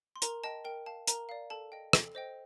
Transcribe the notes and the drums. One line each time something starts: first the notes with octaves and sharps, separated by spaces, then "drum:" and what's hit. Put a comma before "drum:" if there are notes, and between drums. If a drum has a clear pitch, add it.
C6
A#4 A#5, drum: hi-hat
D#5 G5 A5
A#4 G5
F5 A5
A#4 A#5, drum: hi-hat
D5 F5
A4 A5
D#5 G5
A4, drum: rim click
C5 D#5 G5